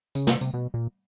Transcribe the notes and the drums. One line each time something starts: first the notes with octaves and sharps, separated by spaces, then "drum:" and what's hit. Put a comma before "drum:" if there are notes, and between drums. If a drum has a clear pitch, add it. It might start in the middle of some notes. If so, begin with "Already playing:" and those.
C#3, drum: tambourine
C3, drum: snare
C3, drum: tambourine
B2
A#2